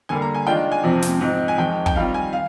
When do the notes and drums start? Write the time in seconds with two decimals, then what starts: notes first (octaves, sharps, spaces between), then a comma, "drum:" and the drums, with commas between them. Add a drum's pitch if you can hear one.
0.09 D3 G3 A#3 G#5
0.22 A#5
0.35 G#5
0.47 D#3 G#3 D4 F4 G5
0.72 G#5
0.83 F2 C3 F3 C4
1.02 drum: snare
1.21 G#2 F3 C4 D#4
1.48 G#5
1.58 F2 D#3 G#3 G5
1.86 G5, drum: kick
1.95 D#3 G3 C4 F4 F5
2.14 G#5
2.33 F5